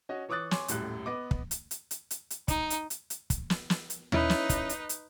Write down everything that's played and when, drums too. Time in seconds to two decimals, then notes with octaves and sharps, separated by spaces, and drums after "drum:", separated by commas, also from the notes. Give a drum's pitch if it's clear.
0.09 C#4 F#4 D#5
0.29 E3 C#5 D6 D#6 F#6 A6
0.51 C#5 G#5 C6 D6, drum: snare
0.68 D#1 F#2 A2 G3 F#6, drum: hi-hat
1.06 B3 B4 D#5 D6
1.31 drum: kick
1.51 drum: hi-hat
1.71 drum: hi-hat
1.91 drum: hi-hat
2.11 drum: hi-hat
2.30 drum: hi-hat
2.48 D#4, drum: kick, hi-hat
2.70 drum: hi-hat
2.90 drum: hi-hat
3.10 drum: hi-hat
3.30 drum: kick, hi-hat
3.50 drum: snare
3.70 drum: snare
3.90 drum: hi-hat
4.12 C#4 D#4 E4 B4 B5, drum: tom D#2
4.30 drum: snare
4.49 drum: kick, hi-hat
4.69 drum: hi-hat
4.89 drum: hi-hat